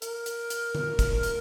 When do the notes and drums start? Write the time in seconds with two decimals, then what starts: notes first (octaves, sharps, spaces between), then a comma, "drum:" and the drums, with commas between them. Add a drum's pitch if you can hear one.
0.02 A#4, drum: hi-hat
0.26 drum: hi-hat
0.50 drum: hi-hat
0.75 drum: tom D3
0.99 drum: kick, hi-hat
1.23 drum: hi-hat